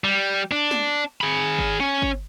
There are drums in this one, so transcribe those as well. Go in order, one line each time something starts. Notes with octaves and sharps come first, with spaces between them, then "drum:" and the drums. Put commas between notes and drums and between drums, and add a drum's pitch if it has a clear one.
G3
D4
drum: snare
G#4 B5
drum: kick G1
C#4
drum: kick G1